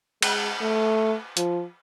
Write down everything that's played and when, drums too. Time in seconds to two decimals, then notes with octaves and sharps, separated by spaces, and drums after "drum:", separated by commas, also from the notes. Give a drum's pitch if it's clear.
0.22 G#3, drum: cymbal
0.61 A3
1.37 F3, drum: hi-hat